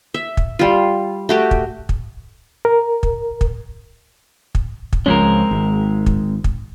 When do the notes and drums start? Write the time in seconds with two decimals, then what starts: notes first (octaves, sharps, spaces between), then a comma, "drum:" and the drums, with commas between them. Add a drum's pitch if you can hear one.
0.14 E5
0.37 drum: kick
0.59 G3 F4
1.29 A3 F#4 G4
1.51 drum: kick
1.89 drum: kick
2.65 A#4
3.03 drum: kick
3.41 drum: kick
4.55 drum: kick
4.93 drum: kick
5.06 C#2 F3 G#3 C4 C#4 A#4
5.51 G#1
6.06 drum: kick
6.44 drum: kick